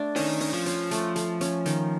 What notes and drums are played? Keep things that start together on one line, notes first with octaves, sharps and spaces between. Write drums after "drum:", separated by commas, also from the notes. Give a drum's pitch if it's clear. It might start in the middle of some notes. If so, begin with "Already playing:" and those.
Already playing: A3 D4
D#3 C#4, drum: open hi-hat
C#4, drum: open hi-hat
F3
C#4, drum: hi-hat
A3, drum: hi-hat
A3, drum: hi-hat
C#4, drum: hi-hat
D#3, drum: hi-hat